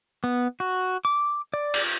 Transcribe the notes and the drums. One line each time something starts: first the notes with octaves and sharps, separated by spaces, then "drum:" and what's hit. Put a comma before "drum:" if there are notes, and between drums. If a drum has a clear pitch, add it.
B3
F#4
D6
D5
drum: cymbal